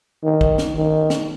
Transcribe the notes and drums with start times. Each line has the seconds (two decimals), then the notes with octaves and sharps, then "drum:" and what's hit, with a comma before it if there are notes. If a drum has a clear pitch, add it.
0.24 D#3
0.41 drum: kick
0.58 drum: snare
0.75 D#3
1.10 drum: snare